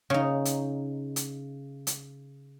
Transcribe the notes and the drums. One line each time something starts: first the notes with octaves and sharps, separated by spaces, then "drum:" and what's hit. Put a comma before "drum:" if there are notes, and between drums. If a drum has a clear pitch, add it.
C#3 D#4
drum: hi-hat
drum: hi-hat
drum: hi-hat